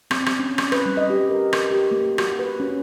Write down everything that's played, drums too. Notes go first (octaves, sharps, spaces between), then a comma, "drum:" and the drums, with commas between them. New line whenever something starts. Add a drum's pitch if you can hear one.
C4, drum: rim click
drum: rim click
C#4
drum: rim click
B4, drum: rim click
G3
D#5
G4
A#4
drum: rim click
G4
A#3
F#4, drum: rim click
B4
C#4